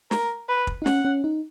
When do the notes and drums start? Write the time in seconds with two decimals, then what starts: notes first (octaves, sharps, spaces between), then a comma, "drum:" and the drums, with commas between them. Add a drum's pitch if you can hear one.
0.11 A#4, drum: snare
0.49 B4
0.67 drum: kick
0.82 D#4
0.86 C#4 F#5, drum: snare
1.05 C#4
1.24 D#4